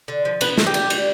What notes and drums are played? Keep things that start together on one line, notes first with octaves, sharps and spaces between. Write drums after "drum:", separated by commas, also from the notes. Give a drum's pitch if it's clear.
D3
F3
B3 B4, drum: cymbal
D#3, drum: snare
G4
G3, drum: cymbal
G3, drum: cymbal